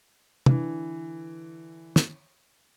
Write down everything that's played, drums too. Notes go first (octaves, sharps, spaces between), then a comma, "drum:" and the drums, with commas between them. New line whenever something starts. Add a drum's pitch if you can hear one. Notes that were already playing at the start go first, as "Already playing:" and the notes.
D3 E3, drum: tom
drum: snare